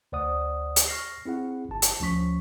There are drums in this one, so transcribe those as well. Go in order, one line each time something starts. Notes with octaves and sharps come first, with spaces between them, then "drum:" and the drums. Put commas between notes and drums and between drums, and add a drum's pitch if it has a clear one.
D2 C5 D5 F#5 D#6
drum: hi-hat
C#6 F6 A#6 C7
C4 E4 G#4 F#5
G1 A5
drum: hi-hat
D2 F3 C#4 C#6 B6